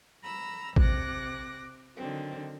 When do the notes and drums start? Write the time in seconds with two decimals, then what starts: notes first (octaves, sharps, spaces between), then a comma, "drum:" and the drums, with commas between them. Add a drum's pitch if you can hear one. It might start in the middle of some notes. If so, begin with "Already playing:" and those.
0.22 A#5 B5 E6
0.76 C3 D6 F#6 A#6, drum: kick
1.96 D3 D#3 F#3 C4